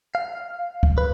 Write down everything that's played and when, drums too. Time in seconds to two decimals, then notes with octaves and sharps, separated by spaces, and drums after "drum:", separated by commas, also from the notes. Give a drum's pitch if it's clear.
0.15 F5
0.83 drum: kick
0.98 B4